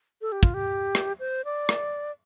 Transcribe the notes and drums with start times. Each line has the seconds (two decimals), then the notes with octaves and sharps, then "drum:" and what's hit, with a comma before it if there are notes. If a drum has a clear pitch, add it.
0.22 A4
0.32 G4
0.43 F4, drum: kick
0.54 G4
0.95 drum: rim click
1.19 C5
1.45 D5
1.69 drum: rim click